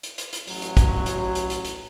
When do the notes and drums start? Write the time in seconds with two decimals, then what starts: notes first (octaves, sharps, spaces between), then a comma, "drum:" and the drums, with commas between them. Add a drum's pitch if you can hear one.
0.03 drum: hi-hat
0.18 drum: hi-hat
0.33 drum: hi-hat
0.47 A1 F#3, drum: open hi-hat
0.62 drum: hi-hat
0.77 drum: kick, hi-hat
1.06 drum: hi-hat
1.35 drum: hi-hat
1.50 drum: hi-hat
1.65 drum: hi-hat